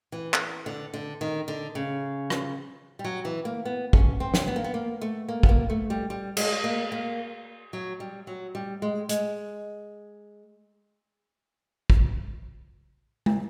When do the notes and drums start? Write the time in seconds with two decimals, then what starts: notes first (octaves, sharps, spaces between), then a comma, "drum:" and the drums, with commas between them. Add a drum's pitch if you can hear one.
0.12 E3
0.34 drum: clap
0.66 D3
0.94 D3
1.21 D#3
1.48 D3
1.75 C#3
2.30 drum: rim click
2.99 G3
3.05 F#3
3.25 E3
3.45 A#3
3.65 B3
3.93 C#4, drum: kick
4.20 C4
4.34 drum: snare
4.47 B3
4.56 A#3
4.64 B3
4.74 A#3
5.02 A3
5.28 A#3
5.43 B3, drum: kick
5.49 A#3
5.70 A3
5.90 G3
6.10 G3
6.37 G#3, drum: cymbal
6.64 A#3
6.92 A#3
7.73 F#3
8.00 G3
8.27 F#3
8.55 G3
8.82 G#3
9.09 G#3, drum: hi-hat
11.90 drum: kick
13.26 drum: tom G#3